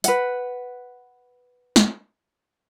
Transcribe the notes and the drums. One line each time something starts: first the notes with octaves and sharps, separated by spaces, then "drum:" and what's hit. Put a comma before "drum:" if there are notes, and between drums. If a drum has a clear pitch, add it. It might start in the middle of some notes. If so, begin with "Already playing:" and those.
B4 F#5, drum: hi-hat
drum: snare